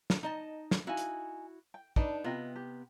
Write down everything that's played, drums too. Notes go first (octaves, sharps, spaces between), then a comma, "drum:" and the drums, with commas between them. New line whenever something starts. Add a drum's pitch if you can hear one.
drum: snare
D#4 D#5 A5
drum: snare
D#4 E4 F#4 F5 G#5
drum: hi-hat
G5
D4 D#4 B4 A5, drum: kick
C3 B3 F4 D#5 G5
G4